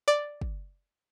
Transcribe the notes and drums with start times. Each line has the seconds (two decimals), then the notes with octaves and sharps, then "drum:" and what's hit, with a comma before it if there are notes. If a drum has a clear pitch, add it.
0.08 D5
0.41 drum: kick